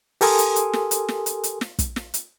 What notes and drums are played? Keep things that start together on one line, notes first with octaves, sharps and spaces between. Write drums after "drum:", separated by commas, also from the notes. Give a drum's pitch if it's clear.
G4 A4 A#4 G#5 C6 D#6, drum: open hi-hat
drum: hi-hat
drum: hi-hat
drum: snare
drum: hi-hat
drum: snare
drum: hi-hat
drum: hi-hat
drum: snare
drum: kick, hi-hat
drum: snare
drum: hi-hat